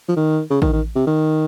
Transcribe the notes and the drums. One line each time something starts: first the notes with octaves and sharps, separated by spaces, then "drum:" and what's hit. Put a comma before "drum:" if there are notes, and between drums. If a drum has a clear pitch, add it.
F3
D#3
C#3
D#3, drum: kick A1
D#3
C3
D#3